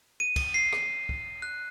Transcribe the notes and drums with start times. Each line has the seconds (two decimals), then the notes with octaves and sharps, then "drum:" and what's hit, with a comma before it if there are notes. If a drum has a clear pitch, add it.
0.20 D#7
0.36 drum: kick, cymbal
0.54 C7
0.73 drum: rim click
1.09 drum: kick
1.42 F#6